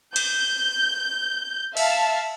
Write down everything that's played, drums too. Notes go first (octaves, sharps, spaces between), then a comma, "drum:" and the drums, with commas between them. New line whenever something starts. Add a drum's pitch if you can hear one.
G6, drum: cymbal
E5 F5 A5, drum: cymbal